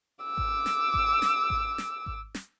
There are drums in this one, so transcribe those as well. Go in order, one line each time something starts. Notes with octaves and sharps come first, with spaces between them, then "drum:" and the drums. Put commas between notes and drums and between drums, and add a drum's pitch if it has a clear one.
D6 E6
drum: kick G#1
drum: snare
drum: kick G#1
drum: snare
drum: kick G#1
drum: snare
drum: kick G#1
drum: snare